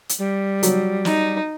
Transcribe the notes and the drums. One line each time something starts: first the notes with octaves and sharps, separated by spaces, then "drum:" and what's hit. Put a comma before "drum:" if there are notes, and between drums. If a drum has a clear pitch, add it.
drum: hi-hat
G3
F#3, drum: hi-hat
D#4, drum: snare